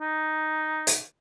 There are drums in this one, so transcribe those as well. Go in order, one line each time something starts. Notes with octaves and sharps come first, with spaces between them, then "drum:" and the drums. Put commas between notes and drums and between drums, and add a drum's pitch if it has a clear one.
D#4
drum: hi-hat